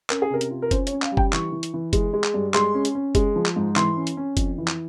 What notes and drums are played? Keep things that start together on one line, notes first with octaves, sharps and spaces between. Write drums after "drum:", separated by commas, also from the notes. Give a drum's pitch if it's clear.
C#4 A#4, drum: clap
G#4
C3 A#4
drum: hi-hat
F4
A#4
C#4 C5, drum: kick F#1, hi-hat
C#5, drum: hi-hat
C#4
F5, drum: clap
G3
G5, drum: kick F#1
E3 C#6, drum: clap
E3
drum: hi-hat
E3
G#3, drum: kick F#1, hi-hat
G#3
drum: clap
G2
G#3 C6, drum: clap
C#4
drum: hi-hat
C#4
G#3, drum: kick F#1, hi-hat
F3
drum: clap
G#2
E3 C6, drum: clap
C#4
drum: hi-hat
C#4
F2, drum: kick F#1, hi-hat
E3
drum: clap